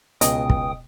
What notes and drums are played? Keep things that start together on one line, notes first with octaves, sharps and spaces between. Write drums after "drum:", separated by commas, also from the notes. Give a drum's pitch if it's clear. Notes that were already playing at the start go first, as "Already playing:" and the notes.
C#2 B2 B3 D#5 G5 D#6, drum: hi-hat
drum: kick